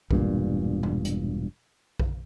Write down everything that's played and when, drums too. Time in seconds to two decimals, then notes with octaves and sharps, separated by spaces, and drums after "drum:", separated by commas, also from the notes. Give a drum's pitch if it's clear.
0.11 E1 G2 A#2, drum: kick A#1
0.83 drum: tom A#2
1.05 drum: hi-hat
2.00 drum: kick A#1